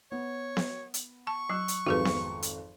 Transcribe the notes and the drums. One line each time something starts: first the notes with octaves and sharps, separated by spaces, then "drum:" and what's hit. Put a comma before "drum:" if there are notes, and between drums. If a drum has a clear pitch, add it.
B3 C#5
drum: snare B3
drum: hi-hat
A5 C#6
F#3 E6 F#6
drum: hi-hat
G#1 F2 F#4 G#4 B4
drum: snare B3
drum: hi-hat